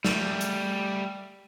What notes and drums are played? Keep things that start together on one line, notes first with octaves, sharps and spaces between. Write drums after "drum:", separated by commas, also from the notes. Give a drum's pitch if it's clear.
G3 A3, drum: snare
drum: hi-hat